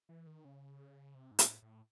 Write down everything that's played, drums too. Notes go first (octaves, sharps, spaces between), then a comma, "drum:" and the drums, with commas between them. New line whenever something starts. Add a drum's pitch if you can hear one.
E3
D#3
C#3
C3
G#2
A2, drum: hi-hat
A2